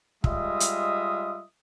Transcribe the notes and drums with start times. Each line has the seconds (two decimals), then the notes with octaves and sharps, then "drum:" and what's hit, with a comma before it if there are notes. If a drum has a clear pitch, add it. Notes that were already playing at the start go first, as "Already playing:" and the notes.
0.24 G3 G#3 F4 D#5 E5 D#6, drum: kick
0.60 drum: hi-hat